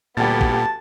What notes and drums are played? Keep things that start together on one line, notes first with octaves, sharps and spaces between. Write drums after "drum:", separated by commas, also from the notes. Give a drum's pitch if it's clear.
D2 A#2 G3 B3 G4 A5 A6
drum: kick G#1